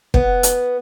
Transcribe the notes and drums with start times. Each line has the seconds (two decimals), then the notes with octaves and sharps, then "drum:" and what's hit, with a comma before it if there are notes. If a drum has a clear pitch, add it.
0.14 B3, drum: kick
0.43 drum: hi-hat